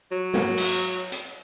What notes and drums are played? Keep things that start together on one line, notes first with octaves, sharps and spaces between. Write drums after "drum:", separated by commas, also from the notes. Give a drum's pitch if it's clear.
F#3
drum: snare
drum: cymbal
drum: hi-hat